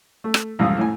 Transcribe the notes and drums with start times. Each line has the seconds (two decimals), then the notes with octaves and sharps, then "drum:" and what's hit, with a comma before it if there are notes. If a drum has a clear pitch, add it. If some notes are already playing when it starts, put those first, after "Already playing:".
0.24 A3
0.34 drum: rim click
0.59 C2 F2 G#2 E3 F5 D#6
0.79 A2 G#5